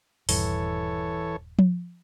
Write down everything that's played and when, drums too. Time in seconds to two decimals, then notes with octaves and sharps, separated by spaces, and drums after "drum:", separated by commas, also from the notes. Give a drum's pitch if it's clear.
0.29 D#1 G2 E3 A4 C#5, drum: open hi-hat
1.59 drum: tom F3